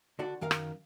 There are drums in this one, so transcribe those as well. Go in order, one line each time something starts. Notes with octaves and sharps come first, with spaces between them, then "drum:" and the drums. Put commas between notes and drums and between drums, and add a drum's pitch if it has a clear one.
D3 D4 F#4
F#2 D#3 A#4 F5
drum: rim click